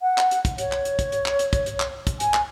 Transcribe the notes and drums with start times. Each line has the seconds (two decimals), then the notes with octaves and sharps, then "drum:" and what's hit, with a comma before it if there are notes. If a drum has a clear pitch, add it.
0.01 F#5
0.18 drum: clap
0.31 drum: hi-hat
0.45 drum: kick, hi-hat
0.58 C#5, drum: hi-hat
0.72 drum: clap
0.85 drum: hi-hat
0.99 drum: kick, hi-hat
1.12 drum: hi-hat
1.26 drum: clap
1.39 drum: hi-hat
1.53 drum: kick, hi-hat
1.66 drum: hi-hat
1.80 drum: clap
2.07 drum: kick, hi-hat
2.20 G#5, drum: hi-hat
2.34 drum: clap